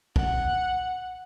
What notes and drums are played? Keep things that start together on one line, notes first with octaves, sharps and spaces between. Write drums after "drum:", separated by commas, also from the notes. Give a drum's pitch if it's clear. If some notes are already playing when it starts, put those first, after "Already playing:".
F#5, drum: kick